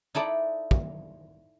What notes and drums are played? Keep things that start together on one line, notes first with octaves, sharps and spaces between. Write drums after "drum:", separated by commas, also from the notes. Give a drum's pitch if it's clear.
D#4 E4 A4 D5
drum: kick